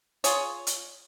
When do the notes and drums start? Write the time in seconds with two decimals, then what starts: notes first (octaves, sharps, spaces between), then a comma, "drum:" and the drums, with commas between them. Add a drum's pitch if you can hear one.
0.24 F4 G#4 C#5, drum: hi-hat
0.67 drum: hi-hat